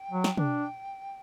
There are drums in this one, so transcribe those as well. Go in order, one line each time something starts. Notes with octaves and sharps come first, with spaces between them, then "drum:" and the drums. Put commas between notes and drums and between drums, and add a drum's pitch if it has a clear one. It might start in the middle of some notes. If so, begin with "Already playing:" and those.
Already playing: G5
F#3
drum: snare
D4, drum: tom